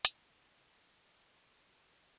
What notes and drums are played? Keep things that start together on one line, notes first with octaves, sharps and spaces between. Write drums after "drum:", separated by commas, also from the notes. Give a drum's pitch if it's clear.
A3 F4 E5, drum: hi-hat